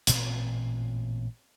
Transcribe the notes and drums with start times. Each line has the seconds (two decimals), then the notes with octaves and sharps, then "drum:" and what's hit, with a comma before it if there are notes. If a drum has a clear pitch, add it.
0.07 A1 A#2 C4, drum: hi-hat